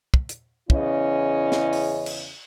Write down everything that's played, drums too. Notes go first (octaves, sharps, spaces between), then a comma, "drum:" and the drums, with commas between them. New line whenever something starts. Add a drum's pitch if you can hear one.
drum: kick
drum: hi-hat
E2 C#3 C#4 E4 D#5, drum: kick
drum: snare
drum: open hi-hat
drum: cymbal